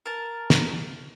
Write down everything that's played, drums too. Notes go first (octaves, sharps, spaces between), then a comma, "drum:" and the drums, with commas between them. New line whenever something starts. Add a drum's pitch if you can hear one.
A#4 A5
drum: snare